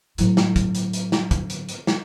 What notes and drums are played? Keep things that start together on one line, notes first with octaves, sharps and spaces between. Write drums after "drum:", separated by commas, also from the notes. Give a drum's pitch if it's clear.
A2 F#3, drum: hi-hat
drum: snare
drum: kick, hi-hat
drum: hi-hat
drum: hi-hat
drum: snare
drum: kick, hi-hat
drum: hi-hat
drum: hi-hat
drum: snare